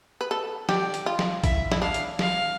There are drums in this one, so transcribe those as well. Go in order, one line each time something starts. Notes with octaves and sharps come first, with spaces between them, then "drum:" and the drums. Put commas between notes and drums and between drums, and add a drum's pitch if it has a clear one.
B4
A4
G4 D5, drum: snare
drum: hi-hat
F4
drum: snare
E4 E5, drum: kick A#1, hi-hat
E4, drum: snare
D4 F5
drum: hi-hat
F5, drum: snare